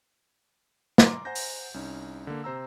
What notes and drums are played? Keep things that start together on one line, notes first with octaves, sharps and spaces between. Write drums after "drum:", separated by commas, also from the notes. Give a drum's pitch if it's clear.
A#5 C6 D6, drum: snare
C5 F#5 G#5 A#5 G6 A#6
drum: open hi-hat
C2 C#4 D#4
D3 A#3
C3 C5 A#5 E6